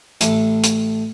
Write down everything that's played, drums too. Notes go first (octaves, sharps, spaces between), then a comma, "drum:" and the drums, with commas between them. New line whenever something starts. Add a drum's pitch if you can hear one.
A1 A3 D6, drum: hi-hat
drum: hi-hat